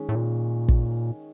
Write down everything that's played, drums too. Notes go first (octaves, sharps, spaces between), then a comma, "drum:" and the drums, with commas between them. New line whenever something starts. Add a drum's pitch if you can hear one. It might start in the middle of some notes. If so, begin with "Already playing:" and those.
Already playing: D#3 G#3 C#4
A2
A#2
drum: kick